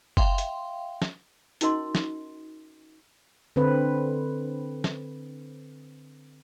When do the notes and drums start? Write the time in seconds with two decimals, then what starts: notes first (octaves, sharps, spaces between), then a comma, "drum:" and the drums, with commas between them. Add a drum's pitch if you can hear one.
0.17 E5 F5 G5 C6, drum: kick F#1
0.38 drum: hi-hat
1.02 drum: snare
1.61 C#4 D#4 F#4 A#4 D#5 C6, drum: hi-hat
1.95 drum: snare
3.56 D3 C4 B4
4.84 drum: snare